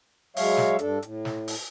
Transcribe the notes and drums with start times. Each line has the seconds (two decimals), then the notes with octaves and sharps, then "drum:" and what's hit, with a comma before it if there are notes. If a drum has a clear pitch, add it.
0.36 F#3 G#3 C#5 E5 F5, drum: open hi-hat
0.57 drum: snare
0.79 G2 D4 A4, drum: hi-hat
1.02 A2, drum: hi-hat
1.25 drum: snare
1.48 drum: open hi-hat